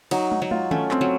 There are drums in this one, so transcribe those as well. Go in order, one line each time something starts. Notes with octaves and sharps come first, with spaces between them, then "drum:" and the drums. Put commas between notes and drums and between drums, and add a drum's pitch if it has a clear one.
F#3 D#4, drum: cymbal
D#4, drum: tom
F#3
F4, drum: tom
A3 C#4, drum: tom D#3
C4, drum: clap
F#3